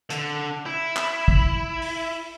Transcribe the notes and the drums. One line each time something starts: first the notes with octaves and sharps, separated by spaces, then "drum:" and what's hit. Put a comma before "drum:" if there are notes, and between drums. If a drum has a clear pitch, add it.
D3, drum: hi-hat
E4
drum: clap
drum: kick
drum: open hi-hat